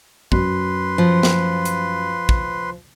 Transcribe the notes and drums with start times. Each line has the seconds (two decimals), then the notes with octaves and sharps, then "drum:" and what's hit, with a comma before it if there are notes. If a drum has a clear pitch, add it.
0.32 F#2 B4 C6, drum: kick
0.98 F3
1.23 drum: snare
1.65 drum: hi-hat
2.29 drum: kick